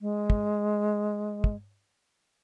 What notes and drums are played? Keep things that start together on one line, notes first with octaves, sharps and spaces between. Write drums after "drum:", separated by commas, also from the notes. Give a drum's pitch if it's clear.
G#3
drum: kick
drum: kick